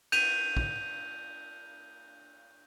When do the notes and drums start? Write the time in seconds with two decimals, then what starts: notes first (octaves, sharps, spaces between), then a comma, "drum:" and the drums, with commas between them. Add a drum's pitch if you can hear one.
0.12 G6 D#7 F7, drum: cymbal
0.57 drum: kick